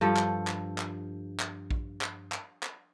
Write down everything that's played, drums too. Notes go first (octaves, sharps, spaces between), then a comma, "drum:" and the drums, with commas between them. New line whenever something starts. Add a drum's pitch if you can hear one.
G2 F3 A4
drum: clap
drum: clap
drum: clap
drum: clap
drum: kick A#1
drum: clap
drum: clap
drum: clap